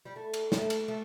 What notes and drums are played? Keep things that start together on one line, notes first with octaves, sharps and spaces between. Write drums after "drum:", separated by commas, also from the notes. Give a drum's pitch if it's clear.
G3
A3
drum: cymbal
A3, drum: snare
drum: cymbal
A3